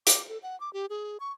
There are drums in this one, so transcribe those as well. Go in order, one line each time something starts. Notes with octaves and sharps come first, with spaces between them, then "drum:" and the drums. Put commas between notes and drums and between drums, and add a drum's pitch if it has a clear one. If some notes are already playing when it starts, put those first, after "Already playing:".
D6, drum: hi-hat
A4
F#5
D6
G4
G#4
C#6